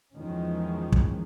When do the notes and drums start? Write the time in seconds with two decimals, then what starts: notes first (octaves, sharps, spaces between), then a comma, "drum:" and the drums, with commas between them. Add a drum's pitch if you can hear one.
0.17 E2 D#3 F3 G#3 C#4
0.92 drum: kick